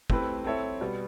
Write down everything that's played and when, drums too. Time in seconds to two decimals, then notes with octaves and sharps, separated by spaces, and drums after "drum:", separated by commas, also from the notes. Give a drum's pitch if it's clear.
0.10 A3 C4 E4 G4 B4, drum: kick
0.45 C4 E4 A4 C#5 E5
0.81 B2 G3 B3